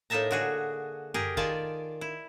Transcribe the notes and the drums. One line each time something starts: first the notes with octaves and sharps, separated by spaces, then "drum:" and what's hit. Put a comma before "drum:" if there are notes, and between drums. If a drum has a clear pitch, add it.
A2 A#3 D#4 E5 A5 A#5
D3 F#4 G#4
G4 G#4 A#4, drum: tom F#2
D#3 F4 D5 G#5 A5, drum: kick
E4